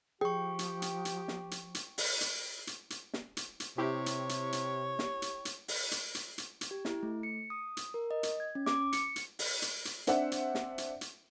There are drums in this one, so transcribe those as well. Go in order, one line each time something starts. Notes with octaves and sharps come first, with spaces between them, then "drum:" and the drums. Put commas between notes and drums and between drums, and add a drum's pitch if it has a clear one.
F3 G4 G#4 G5 C#6
drum: hi-hat
drum: hi-hat
drum: hi-hat
drum: snare
drum: hi-hat
drum: hi-hat
drum: open hi-hat
drum: hi-hat
drum: hi-hat
drum: hi-hat
drum: snare
drum: hi-hat
drum: hi-hat
C3 E4 G4 C#5
drum: hi-hat
drum: hi-hat
drum: hi-hat
drum: snare
drum: hi-hat
drum: hi-hat
drum: open hi-hat
drum: hi-hat
drum: hi-hat
drum: hi-hat
drum: hi-hat
G4
E4, drum: snare
A3
C#7
D#6
drum: hi-hat
A#4
D#5
drum: hi-hat
G#6
C#4
D6, drum: snare
C#7, drum: hi-hat
drum: hi-hat
drum: open hi-hat
drum: hi-hat
drum: hi-hat
C4 D4 C5 E5 F#5, drum: hi-hat
drum: hi-hat
drum: snare
drum: hi-hat
drum: hi-hat